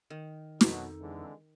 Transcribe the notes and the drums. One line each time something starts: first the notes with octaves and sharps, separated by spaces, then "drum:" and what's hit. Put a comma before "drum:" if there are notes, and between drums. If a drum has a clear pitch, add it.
D#3
F2 B2 F#3 D#4 A4, drum: snare
D3 E3 G#3